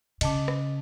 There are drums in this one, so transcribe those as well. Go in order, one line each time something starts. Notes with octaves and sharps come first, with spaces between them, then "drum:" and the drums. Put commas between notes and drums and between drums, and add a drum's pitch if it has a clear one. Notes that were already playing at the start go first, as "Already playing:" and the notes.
C#3 D#5 A5 D6, drum: cymbal
drum: rim click